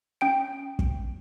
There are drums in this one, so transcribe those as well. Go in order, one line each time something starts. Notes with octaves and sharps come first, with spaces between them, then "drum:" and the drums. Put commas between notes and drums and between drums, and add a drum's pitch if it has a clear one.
C#4 G5 D7
drum: kick